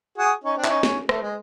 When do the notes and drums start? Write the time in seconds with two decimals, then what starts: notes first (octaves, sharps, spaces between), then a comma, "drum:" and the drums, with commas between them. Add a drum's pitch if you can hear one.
0.18 F#4 G#4
0.44 C#4 D#4
0.57 C4 D4
0.64 E4, drum: clap
0.70 C#4 D#4
0.83 C#4, drum: snare
1.09 A3, drum: rim click
1.22 G#3